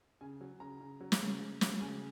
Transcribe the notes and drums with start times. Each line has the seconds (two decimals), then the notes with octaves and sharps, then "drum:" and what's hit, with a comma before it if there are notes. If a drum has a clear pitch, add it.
0.21 C#3 G#5
0.41 F#3
0.60 C#3 A#5
0.81 C#3
1.01 F#3
1.12 drum: snare
1.21 C#3
1.41 C#3
1.61 F#3, drum: snare
1.81 C#3 G#5